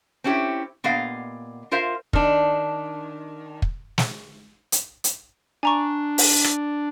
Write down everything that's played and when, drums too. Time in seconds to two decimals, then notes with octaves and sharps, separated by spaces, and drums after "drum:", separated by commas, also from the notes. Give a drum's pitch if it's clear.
0.24 C4 C#4 E4 G4
0.84 A#2 B3 G4 D#5 F5
1.71 F4 A#4 C5 E5 F5
2.13 D#3 D4, drum: kick
3.62 drum: kick
3.98 drum: snare
4.72 drum: hi-hat
5.04 drum: hi-hat
5.63 D4 G#5 A#5 C#6
6.18 drum: open hi-hat
6.44 drum: rim click